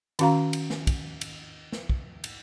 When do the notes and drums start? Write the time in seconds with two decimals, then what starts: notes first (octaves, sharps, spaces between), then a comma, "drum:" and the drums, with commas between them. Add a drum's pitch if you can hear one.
0.19 D#3 C#4 F#4 F5 A#5, drum: cymbal
0.53 drum: cymbal
0.70 drum: snare
0.87 drum: kick, cymbal
1.21 drum: cymbal
1.72 drum: snare
1.90 drum: kick
2.24 drum: cymbal